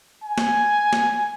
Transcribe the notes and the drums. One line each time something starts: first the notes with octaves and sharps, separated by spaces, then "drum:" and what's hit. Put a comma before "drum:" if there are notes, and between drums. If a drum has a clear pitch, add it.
G#5
drum: snare
drum: snare